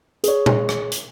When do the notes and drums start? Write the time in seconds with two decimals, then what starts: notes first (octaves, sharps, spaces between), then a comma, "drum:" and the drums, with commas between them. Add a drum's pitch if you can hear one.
0.24 G#4 C#5, drum: hi-hat
0.46 drum: tom A#2
0.69 drum: rim click
0.92 drum: hi-hat